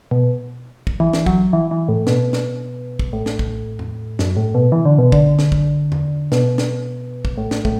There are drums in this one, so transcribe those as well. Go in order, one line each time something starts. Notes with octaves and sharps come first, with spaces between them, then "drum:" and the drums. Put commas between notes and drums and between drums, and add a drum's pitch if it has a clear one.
B2
drum: kick
E3
drum: snare
F#3, drum: kick
E3
E3
A2
B2, drum: snare
drum: snare
drum: kick
A2
drum: snare
drum: kick
drum: tom E2
F#2, drum: snare
A2
B2
E3
D3
B2
D3, drum: kick
drum: snare
drum: kick
drum: tom E2
B2, drum: snare
drum: snare
drum: kick
A2
drum: snare
A2, drum: kick